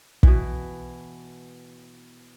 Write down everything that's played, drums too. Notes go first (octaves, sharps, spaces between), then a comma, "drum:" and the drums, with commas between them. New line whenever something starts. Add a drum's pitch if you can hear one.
B2 E3, drum: kick